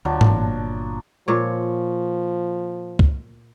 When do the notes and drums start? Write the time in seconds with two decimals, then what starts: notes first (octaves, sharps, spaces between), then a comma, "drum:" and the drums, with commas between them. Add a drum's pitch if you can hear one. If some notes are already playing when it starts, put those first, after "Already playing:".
0.05 D2 F3 F#3 D4
0.21 G1 A#2, drum: tom G#2
1.28 A#2 F3 C#5
2.99 drum: kick